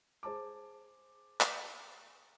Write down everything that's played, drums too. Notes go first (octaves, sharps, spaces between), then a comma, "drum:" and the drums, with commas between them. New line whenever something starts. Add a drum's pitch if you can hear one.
G#4 C5 A5 D6
drum: clap